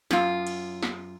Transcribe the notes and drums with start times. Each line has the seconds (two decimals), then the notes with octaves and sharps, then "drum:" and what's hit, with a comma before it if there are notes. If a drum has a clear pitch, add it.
0.11 F#2 F4, drum: snare
0.47 drum: cymbal
0.83 drum: snare